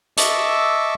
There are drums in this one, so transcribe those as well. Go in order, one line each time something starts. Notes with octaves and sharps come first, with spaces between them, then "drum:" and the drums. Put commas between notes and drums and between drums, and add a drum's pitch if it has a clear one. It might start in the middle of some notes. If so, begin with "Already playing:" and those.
D#5 E5 A5 C#6 D6 E6, drum: hi-hat